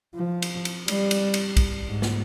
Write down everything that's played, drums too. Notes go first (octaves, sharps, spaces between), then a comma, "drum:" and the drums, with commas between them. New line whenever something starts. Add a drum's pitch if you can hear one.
F3
drum: cymbal
drum: cymbal
G3, drum: cymbal
drum: cymbal
drum: cymbal
drum: kick B1, cymbal
G#2
drum: snare